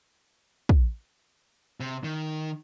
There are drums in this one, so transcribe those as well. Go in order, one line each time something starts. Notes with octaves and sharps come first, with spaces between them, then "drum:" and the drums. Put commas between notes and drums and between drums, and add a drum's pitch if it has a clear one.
drum: kick
C3
D#3